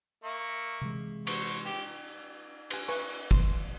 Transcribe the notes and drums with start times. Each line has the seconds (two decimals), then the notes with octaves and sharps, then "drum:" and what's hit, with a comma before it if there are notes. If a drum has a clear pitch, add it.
0.24 A#3 E5 C#6
0.81 C3 E3 G#3
1.27 F#3 C5 C#6, drum: cymbal
1.65 G4
2.70 G#5 C6, drum: cymbal
2.88 B4 G#5 C#6, drum: open hi-hat
3.31 C6, drum: kick